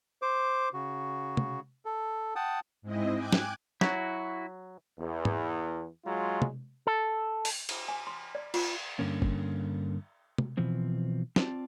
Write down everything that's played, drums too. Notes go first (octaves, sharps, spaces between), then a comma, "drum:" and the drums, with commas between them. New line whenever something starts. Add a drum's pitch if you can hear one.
C5 D6
C#3 F#4
drum: tom
A4
F#5 G5 A5 D#6
G#2 G#3 C4 E4 D#5
G5 G#5 D6 F#6 G#6
drum: snare
F#3 E4 F#4, drum: snare
E2
drum: tom
F#3 G#3 F4
drum: tom
A4
drum: open hi-hat
drum: cymbal
G#5
C6
D5
F4, drum: cymbal
G2 D3 A#3 C#4
drum: kick
drum: tom
B2 E3 F3 C4
C4 F4 D5 A5, drum: snare